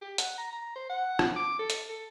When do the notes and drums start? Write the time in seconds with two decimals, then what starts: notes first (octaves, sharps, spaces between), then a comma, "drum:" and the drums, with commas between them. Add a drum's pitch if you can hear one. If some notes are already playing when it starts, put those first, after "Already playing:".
0.01 G4
0.18 F#5, drum: hi-hat
0.38 A#5
0.52 A#5
0.76 C5
0.89 F#5
1.19 drum: rim click
1.36 D6
1.59 A4
1.70 drum: hi-hat
1.89 A4